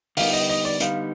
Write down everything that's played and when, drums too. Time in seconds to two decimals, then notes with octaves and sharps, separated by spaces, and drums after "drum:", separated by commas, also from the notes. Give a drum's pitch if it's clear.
0.17 D3 G3 B3 D#4 F5, drum: open hi-hat
0.33 D#5
0.50 D#5
0.65 D5
0.80 D3 G3 B3 D#4 F5, drum: hi-hat